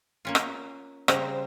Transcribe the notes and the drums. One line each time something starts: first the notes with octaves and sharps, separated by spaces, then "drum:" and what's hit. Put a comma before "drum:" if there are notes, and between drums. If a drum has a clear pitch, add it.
A#3 C#4 F4
drum: rim click
C#3 G3 C5 A#5, drum: rim click